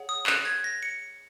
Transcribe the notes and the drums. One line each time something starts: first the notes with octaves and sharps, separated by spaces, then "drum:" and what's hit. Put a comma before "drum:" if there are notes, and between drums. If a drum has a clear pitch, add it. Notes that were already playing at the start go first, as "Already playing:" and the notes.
Already playing: G#4 C#5 F#5
D#6
F#6, drum: clap
G#6
A#6
C#7